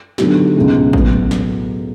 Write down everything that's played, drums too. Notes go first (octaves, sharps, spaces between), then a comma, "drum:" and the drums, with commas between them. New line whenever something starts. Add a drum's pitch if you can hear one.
D3 F#3 B3 D#4 G4, drum: snare
C#2 B2 G#3
A2 F#3 B3, drum: kick A1
drum: snare